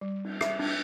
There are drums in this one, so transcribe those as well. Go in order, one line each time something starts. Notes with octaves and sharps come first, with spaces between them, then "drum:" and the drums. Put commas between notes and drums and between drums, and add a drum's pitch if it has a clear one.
G3
drum: cymbal
E5, drum: rim click
D4, drum: cymbal